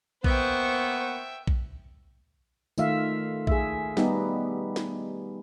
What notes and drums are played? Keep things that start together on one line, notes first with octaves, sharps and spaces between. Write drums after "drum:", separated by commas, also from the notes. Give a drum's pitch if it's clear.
A#3 B3 C5 E5 G5 C#6, drum: kick A#1
drum: kick A#1
D#3 A3 F4 E5 F5, drum: tambourine
G#4 E5, drum: kick A#1
G3 B3 D#4 G4, drum: snare
drum: snare